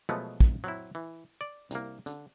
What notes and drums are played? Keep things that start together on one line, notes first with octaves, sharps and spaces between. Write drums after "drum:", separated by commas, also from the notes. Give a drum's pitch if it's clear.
B2 F3 F#3 G#3 A3 B3
drum: kick
F#3 C4 E4
E3
D5
C2 A#3, drum: hi-hat
D3, drum: hi-hat